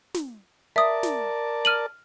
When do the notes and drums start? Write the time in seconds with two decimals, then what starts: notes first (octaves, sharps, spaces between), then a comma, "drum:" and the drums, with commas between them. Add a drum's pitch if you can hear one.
0.14 drum: snare
0.76 A#4 D5 E5 A5 D#6
1.03 drum: snare
1.65 F6 D#7 F#7